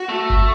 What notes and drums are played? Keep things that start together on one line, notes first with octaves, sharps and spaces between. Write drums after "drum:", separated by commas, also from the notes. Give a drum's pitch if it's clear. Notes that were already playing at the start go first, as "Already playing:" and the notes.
Already playing: F#4
A3
drum: kick F#1